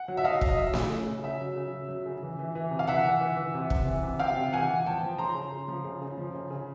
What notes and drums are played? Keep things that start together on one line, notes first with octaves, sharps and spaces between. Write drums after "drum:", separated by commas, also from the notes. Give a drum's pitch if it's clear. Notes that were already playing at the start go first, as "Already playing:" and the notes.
Already playing: F#5
F#3
E5
F#3 D#5 F5
F#3, drum: kick
D#5
F#3 E5
C#3, drum: snare A3
C#3
C#3
C#3 E5
F#3
C#3
F#3
F#3
C#3
E3
E3
E3
C3
F5
E3 E5 F#5
E3
E3
E3
C3
C3, drum: kick
E3
C3
C3 F5 G5
C3
E3 F#5 G#5
E3
F3 G5 A5
F3
C#3 A#5 C6
C#3
C#3
F3
C#3
C#3
F3
C#3
C#3